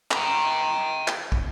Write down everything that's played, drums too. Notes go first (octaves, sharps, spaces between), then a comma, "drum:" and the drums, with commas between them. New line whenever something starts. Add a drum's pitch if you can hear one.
G5 A#5, drum: clap
drum: clap
drum: kick